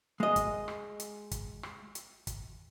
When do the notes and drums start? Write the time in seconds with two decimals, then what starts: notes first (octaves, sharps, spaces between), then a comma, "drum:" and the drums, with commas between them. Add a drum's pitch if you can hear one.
0.20 G#3 D#5
0.36 drum: kick, hi-hat
0.68 drum: rim click
1.00 drum: hi-hat
1.31 drum: kick, hi-hat
1.63 drum: rim click
1.95 drum: hi-hat
2.27 drum: kick, hi-hat